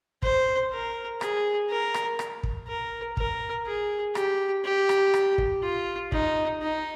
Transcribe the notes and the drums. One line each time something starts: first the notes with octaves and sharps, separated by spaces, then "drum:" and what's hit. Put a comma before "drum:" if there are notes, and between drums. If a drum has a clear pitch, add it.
C5, drum: kick
A#4
G#4, drum: rim click
A#4
drum: rim click
drum: rim click
drum: kick
A#4
A#4, drum: kick
G#4
G4, drum: rim click
G4
drum: rim click
drum: rim click
drum: kick
F4
D#4, drum: kick
D#4